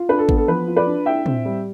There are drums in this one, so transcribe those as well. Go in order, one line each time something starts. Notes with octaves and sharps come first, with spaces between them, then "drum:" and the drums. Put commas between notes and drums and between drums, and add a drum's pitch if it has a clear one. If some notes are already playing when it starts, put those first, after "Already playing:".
Already playing: F4
D4 B4
A4
B3, drum: kick G#1
A4
F3 B4
F4
B4 D5
D4
E4 E5 G5
C4, drum: tom
G3